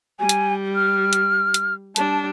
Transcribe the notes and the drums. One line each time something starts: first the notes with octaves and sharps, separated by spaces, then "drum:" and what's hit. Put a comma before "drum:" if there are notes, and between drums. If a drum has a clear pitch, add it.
G3 G#5
drum: hi-hat
F6
drum: hi-hat
drum: hi-hat
G3 D4 A5, drum: hi-hat